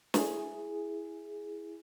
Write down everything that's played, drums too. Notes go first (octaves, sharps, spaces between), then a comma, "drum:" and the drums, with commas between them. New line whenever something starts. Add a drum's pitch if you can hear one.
E4 G#4, drum: snare